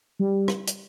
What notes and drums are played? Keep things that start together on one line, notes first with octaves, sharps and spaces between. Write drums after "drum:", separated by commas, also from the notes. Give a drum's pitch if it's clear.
G3
drum: rim click
drum: hi-hat